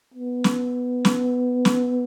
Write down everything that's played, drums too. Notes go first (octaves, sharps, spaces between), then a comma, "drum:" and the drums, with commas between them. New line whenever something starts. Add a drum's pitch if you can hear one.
B3
drum: snare
drum: snare
drum: snare